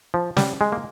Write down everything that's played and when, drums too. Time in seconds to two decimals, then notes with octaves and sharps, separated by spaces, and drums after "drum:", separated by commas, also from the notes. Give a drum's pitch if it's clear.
0.14 F3
0.37 G3, drum: snare
0.61 G#3
0.72 A#3